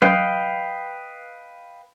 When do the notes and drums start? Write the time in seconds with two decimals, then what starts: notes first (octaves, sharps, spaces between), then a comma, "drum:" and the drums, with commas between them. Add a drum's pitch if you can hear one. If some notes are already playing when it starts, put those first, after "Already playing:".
0.02 B4 D#5 F5 G5, drum: tom F#3